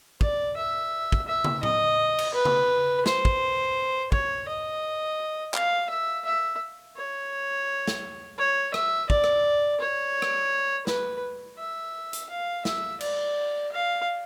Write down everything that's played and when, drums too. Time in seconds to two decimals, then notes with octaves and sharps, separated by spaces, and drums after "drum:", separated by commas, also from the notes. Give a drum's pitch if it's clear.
0.21 D5, drum: kick
0.56 E5
1.12 drum: kick
1.27 E5
1.44 drum: tom
1.63 D#5, drum: tom
2.18 drum: cymbal
2.34 B4
2.45 drum: tom
3.06 C5, drum: snare
3.25 drum: kick
4.12 C#5, drum: kick
4.48 D#5
5.54 F5, drum: clap
5.90 E5
6.25 E5
6.97 C#5
7.87 drum: snare
8.38 C#5
8.74 E5, drum: rim click
9.10 D5, drum: kick
9.24 drum: rim click
9.80 C#5
10.22 drum: rim click
10.87 B4, drum: snare
11.58 E5
12.13 drum: hi-hat
12.29 F5
12.65 E5, drum: snare
13.01 D5, drum: cymbal
13.72 F5